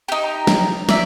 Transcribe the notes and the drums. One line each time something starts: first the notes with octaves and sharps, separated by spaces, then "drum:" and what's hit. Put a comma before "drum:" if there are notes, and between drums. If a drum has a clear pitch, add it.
D#4 G4
A#5
drum: snare
D5 E5, drum: snare